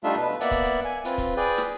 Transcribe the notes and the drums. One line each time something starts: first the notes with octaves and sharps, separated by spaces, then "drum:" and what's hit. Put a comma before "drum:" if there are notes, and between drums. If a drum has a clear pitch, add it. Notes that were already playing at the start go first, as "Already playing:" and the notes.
G3 A3 D4 D#4 F4 E5
B2 B4
A#3 B3 D5 E5 F#5, drum: hi-hat
drum: kick, hi-hat
drum: hi-hat
G#5
C4 F4 B4, drum: hi-hat
drum: kick, hi-hat
G#4 B4 D5 G5
drum: snare